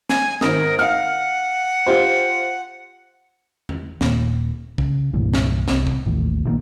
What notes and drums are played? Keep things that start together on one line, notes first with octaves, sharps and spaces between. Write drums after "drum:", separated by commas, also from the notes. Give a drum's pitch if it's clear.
G#5, drum: snare
G#1 A#4 D#6, drum: snare
F5 F#5 F6
F4 G4 C5
drum: tom E2
D#1 A#2, drum: snare
C#3, drum: kick
C2 G2 A#2 E3
drum: snare
C2 C4, drum: snare
drum: kick
A1 D#2 A2
A#1 D#3 E3 A#3